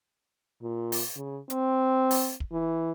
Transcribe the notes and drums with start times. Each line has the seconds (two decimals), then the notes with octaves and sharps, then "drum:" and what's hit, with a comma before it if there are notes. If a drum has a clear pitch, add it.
0.62 A#2
0.92 drum: open hi-hat
1.16 C#3
1.50 C4, drum: hi-hat
2.11 drum: open hi-hat
2.40 drum: kick
2.52 E3